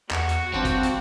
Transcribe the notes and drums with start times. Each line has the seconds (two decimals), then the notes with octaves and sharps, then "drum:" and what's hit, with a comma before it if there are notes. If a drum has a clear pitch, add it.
0.11 E2 F#4, drum: clap
0.29 drum: hi-hat
0.54 G#1 G3 C4 D4 F4
0.65 drum: kick, hi-hat
0.83 drum: hi-hat